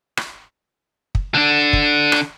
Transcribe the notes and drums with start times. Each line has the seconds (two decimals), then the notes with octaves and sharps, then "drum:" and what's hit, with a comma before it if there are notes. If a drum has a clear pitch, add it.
0.17 drum: rim click
1.15 drum: kick
1.34 D3 D4
1.73 drum: kick
2.12 drum: rim click